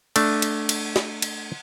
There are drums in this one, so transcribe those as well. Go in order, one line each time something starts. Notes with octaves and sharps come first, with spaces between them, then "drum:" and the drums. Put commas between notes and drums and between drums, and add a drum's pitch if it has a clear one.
A3 D4, drum: cymbal
drum: cymbal
drum: cymbal
drum: snare
drum: cymbal